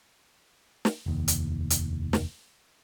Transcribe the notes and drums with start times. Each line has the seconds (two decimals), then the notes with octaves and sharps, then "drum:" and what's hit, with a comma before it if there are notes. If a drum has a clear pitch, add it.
0.85 drum: snare
1.06 F1 D#2
1.28 drum: hi-hat
1.70 drum: hi-hat
2.13 drum: snare